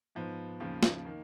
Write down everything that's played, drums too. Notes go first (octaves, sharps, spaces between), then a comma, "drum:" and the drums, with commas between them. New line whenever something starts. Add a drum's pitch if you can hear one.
G#2 F3 B3
D#2 C#3 F3
drum: snare
D#3 A#3